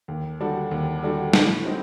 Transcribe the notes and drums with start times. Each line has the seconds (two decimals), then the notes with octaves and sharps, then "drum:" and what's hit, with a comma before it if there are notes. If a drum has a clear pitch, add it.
0.08 D#2
0.40 D3 G3 D4 F#4
0.71 D#2
1.03 D3 G3 D4 F#4
1.33 A2, drum: snare
1.65 F#3 C4 D#4